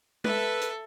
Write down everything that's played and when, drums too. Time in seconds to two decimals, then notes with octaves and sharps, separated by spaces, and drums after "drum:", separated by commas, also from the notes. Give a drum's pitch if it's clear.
0.24 A4 B4 E5, drum: tom G#3
0.62 drum: hi-hat